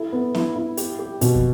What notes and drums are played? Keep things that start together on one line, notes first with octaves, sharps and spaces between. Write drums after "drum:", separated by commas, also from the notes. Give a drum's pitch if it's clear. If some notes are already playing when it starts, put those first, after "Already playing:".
Already playing: E4 A4
B3
E4, drum: snare
E4
G4, drum: hi-hat
G4
B2, drum: hi-hat
drum: kick